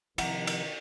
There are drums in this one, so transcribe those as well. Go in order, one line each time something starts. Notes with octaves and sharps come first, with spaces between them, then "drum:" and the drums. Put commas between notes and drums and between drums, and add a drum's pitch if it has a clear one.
C3 D#3 F3 E4 F#5 A#5, drum: cymbal
drum: cymbal